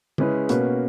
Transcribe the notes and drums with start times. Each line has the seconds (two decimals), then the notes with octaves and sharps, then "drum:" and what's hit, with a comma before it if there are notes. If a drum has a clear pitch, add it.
0.18 C#3 G#3 C#4 E4 B4, drum: tom D3
0.49 B2 A#3 C#4 F#4 B4, drum: hi-hat